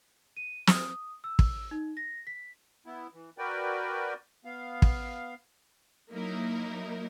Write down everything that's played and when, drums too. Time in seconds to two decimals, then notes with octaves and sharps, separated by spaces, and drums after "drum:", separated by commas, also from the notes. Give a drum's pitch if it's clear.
0.37 D#7
0.67 D#6, drum: snare
1.24 E6
1.39 drum: kick
1.71 D#4
1.97 A#6
2.27 B6
2.86 B3 E4
3.14 E3
3.38 F#4 A#4 B4 D5 G5
4.45 B3 F5
4.82 drum: kick
6.10 F#3 A#3 D#4 E4 A#4